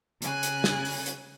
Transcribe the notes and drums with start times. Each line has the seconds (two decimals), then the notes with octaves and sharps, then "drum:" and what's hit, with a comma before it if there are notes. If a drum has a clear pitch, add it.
0.22 C#3 G#5 F#6, drum: hi-hat
0.43 drum: hi-hat
0.64 drum: snare
0.85 drum: open hi-hat
1.06 drum: hi-hat